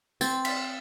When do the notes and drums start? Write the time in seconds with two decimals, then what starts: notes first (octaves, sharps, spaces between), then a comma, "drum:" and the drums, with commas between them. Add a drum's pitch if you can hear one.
0.21 C4 A6, drum: tambourine
0.45 A6 B6, drum: cymbal